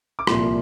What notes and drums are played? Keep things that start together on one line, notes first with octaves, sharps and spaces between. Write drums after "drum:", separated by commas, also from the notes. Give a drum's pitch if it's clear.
D6
C2 A#2 F3 C6, drum: rim click